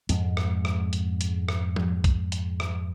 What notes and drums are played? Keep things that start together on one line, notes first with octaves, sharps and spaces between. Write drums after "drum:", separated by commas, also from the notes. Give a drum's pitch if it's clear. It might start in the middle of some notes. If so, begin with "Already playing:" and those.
F2 G#2 G#3, drum: hi-hat
drum: rim click
drum: rim click
drum: hi-hat
drum: hi-hat
drum: rim click
drum: tom F3
drum: kick B1, hi-hat
drum: hi-hat
drum: rim click